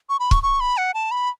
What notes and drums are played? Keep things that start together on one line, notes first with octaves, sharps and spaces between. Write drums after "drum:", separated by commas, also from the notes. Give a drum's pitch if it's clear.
C#6
B5
C#6, drum: kick
C#6
B5
F#5
A5
B5